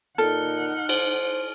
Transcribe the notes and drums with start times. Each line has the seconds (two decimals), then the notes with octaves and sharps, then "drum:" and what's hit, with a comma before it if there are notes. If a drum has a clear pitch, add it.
0.18 A#2 D#4 A4 F#5 F6
0.89 C5, drum: cymbal